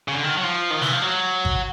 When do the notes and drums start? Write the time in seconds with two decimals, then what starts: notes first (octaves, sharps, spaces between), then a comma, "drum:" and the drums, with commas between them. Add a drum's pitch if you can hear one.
0.08 C#3
0.14 D3
0.24 D#3
0.37 F#3
0.44 F3
0.71 D#3
0.81 E3, drum: snare
0.92 F3
1.02 F#3
1.45 drum: kick G#1